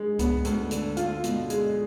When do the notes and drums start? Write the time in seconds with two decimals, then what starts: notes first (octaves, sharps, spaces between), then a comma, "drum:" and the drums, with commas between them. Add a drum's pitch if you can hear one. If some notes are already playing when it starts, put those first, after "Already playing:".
Already playing: G#3
0.19 B3, drum: kick C#2, hi-hat
0.45 D2, drum: hi-hat
0.71 D3, drum: hi-hat
0.97 F4, drum: hi-hat
1.24 B2, drum: hi-hat
1.50 G#3, drum: hi-hat